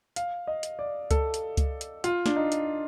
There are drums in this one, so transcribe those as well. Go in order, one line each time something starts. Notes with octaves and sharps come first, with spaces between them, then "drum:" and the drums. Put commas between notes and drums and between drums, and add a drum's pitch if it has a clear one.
F5, drum: hi-hat
D#5
drum: hi-hat
D5
A4, drum: kick C#2, hi-hat
drum: hi-hat
drum: kick C#2, hi-hat
drum: hi-hat
F4, drum: hi-hat
D4, drum: snare
D#4
drum: hi-hat